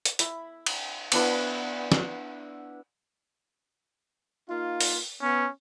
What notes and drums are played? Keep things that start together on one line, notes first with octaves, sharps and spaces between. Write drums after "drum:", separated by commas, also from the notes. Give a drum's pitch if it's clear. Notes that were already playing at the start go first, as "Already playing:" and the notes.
drum: hi-hat
E4 B5, drum: hi-hat
drum: cymbal
B3 D4 E4 B4, drum: cymbal
drum: snare
A#3 D#4 F4
drum: open hi-hat
B3 C#4